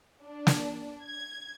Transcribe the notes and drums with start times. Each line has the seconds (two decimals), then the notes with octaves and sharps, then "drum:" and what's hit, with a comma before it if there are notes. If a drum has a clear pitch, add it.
0.23 D4
0.47 drum: snare
1.03 G#6